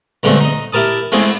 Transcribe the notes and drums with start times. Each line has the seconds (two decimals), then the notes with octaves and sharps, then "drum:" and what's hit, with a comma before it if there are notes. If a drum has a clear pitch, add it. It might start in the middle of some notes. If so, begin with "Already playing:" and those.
0.23 G2 D3 G#3 A3 C4
0.40 D#4 D#5
0.72 E4 G4 A#4 A5 D#6
1.12 G#3 A3 C4 E4 G#4, drum: open hi-hat